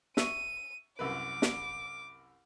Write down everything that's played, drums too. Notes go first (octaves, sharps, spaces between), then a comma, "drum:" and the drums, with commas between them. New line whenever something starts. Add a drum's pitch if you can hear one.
E5 C#6 D#7, drum: snare
C2 F#2 B4 D6
drum: snare